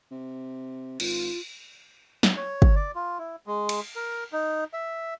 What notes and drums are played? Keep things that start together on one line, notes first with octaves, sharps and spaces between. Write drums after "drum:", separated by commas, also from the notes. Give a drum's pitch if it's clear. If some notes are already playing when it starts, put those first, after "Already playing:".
C3
G#1 F4, drum: cymbal
drum: snare
C#5
drum: kick
D5
F4
E4
G#3
drum: cymbal
A#4
D#4
E5